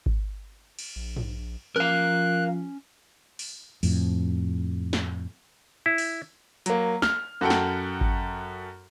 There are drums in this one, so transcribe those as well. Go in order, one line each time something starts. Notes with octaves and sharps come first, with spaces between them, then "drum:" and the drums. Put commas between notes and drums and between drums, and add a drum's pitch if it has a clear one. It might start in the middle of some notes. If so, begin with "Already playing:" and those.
drum: kick G#1
drum: cymbal
A#1
drum: tom
F3 C#4 A#4 F5 F#6
drum: open hi-hat
F2 A2, drum: open hi-hat
drum: snare
E4
drum: open hi-hat
F#3 A#3, drum: hi-hat
F6, drum: snare
F#2 F#4 A4 F#5 G5
drum: snare
drum: kick G#1